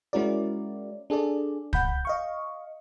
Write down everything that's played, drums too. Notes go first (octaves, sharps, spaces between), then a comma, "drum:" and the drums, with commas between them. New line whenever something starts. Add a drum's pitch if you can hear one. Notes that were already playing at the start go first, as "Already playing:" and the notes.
G#3 C#4 E4 F#4 A#4 D5
D4 G#4 A4 D5
F#5 B5 G6, drum: kick
D#5 F5 C#6